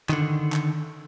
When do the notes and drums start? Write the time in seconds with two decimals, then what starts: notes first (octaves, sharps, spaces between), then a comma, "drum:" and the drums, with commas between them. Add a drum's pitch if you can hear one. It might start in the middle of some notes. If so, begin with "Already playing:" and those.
0.09 D3 D#3, drum: clap
0.53 drum: clap